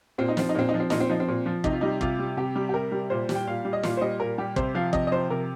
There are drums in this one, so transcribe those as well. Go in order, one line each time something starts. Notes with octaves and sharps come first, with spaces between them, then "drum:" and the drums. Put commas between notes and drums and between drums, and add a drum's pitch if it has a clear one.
A#2 C4
D#4
F3 C4, drum: snare
D#4
A#2 C4
D#4
F3
C4
A#2 D#4, drum: snare
C4
F3 D#4
C4
A#2
F3
C3 D#4, drum: kick
F4
G3 D#4
C3 F4, drum: kick
G3
C3 G4
G3
G4
C3 A#4
G3
A#2 C5
G3, drum: snare
G5
A#2 F5
G3
D#5
A#2 F5, drum: snare
C5
G3 D#5
A#2 A#4
G3 G4
C3 C5, drum: kick
F3 F5
C3 D#5, drum: kick
D#5
F3 C5
C3 A#4